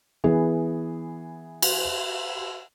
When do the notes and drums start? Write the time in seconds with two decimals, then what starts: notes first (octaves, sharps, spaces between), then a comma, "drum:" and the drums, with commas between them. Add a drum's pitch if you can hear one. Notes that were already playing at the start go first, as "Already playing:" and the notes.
0.24 E3 B3 G#4
1.62 drum: cymbal